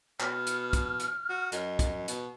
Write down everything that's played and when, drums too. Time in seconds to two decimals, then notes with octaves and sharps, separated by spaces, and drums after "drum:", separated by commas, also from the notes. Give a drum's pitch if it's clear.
0.20 B2 F6, drum: clap
0.47 drum: hi-hat
0.73 drum: kick, hi-hat
1.00 drum: hi-hat
1.30 F#4
1.52 F#2 D#5, drum: hi-hat
1.79 drum: kick, hi-hat
2.08 B2, drum: hi-hat